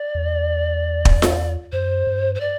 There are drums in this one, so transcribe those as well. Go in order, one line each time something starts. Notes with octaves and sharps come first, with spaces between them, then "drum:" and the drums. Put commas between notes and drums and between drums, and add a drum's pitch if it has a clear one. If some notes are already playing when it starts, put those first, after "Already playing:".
Already playing: D5
E2
drum: kick
drum: snare F4
F#2 C5
G2
C5
D5